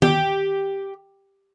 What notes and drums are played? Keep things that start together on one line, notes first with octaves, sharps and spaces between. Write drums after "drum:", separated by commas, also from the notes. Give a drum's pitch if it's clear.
G4, drum: tom D#3